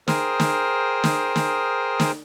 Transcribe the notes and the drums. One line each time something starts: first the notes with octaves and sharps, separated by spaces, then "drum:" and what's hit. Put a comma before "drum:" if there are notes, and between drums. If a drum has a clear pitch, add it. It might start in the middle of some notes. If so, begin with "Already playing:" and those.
G#4 A#4 C5 G5 D#6 F6, drum: snare
drum: snare
drum: snare
drum: snare
drum: snare